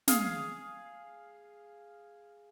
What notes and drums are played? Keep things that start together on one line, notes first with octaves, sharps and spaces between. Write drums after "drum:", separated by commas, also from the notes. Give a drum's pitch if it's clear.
G#4 F5, drum: snare